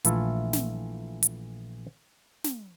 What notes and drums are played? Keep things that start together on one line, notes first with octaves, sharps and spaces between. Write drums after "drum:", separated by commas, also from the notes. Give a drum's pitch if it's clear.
A#1 E3 A3 E4 F4 A4, drum: hi-hat
drum: snare
drum: hi-hat
drum: snare